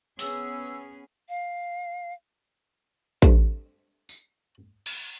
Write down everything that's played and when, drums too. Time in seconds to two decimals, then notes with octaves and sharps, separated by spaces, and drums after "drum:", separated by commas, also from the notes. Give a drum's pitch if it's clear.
0.19 B3 C#4 G#4 E6, drum: open hi-hat
1.29 F5
3.22 G2 A3 C4, drum: kick
4.09 drum: tambourine
4.86 drum: cymbal